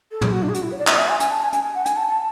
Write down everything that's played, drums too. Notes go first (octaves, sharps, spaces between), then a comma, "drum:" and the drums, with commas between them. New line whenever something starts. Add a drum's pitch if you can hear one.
A4
G#4, drum: tom
F#4
D4
G#4
F#4, drum: hi-hat
E4
C#5
D5
E5, drum: clap
D5
E5
G#5
G#5, drum: hi-hat
A5
G#5
G#5, drum: hi-hat
G#5
F#5
G#5, drum: hi-hat
A5
A5